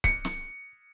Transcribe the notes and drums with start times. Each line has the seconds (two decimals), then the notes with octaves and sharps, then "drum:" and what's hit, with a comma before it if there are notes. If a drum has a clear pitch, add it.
0.04 C#7, drum: kick C#1
0.25 drum: snare